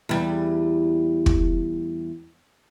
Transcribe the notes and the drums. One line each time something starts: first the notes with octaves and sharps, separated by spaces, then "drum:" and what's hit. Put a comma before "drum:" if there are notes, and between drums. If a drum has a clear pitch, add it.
E2 G3
drum: kick